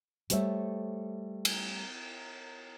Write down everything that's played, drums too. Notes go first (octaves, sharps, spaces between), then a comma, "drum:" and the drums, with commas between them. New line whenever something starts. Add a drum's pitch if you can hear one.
G3 A3 C5 C#5 E5, drum: hi-hat
drum: cymbal